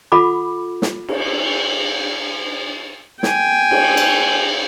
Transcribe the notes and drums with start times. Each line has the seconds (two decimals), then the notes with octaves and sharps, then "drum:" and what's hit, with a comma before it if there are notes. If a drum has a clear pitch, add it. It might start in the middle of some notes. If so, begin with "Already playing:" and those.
0.12 F4 A4 F#5 B5 D6
0.82 drum: snare
1.08 drum: cymbal
3.23 G5 G#5, drum: snare
3.71 drum: cymbal
3.97 drum: cymbal